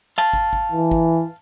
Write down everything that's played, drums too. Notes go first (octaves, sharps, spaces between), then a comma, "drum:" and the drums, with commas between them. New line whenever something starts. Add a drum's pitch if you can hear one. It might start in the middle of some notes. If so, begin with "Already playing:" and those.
F5 A5
drum: kick
drum: kick
E3
drum: kick